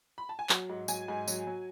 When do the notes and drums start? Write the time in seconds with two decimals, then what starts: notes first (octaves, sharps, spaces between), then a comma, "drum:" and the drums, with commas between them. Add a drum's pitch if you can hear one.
0.18 B5
0.29 A5
0.39 G#5
0.49 F#3 F#5, drum: clap
0.70 G#2
0.88 F#3 G#5, drum: tambourine
1.08 G#2
1.28 F#3, drum: tambourine
1.47 F#3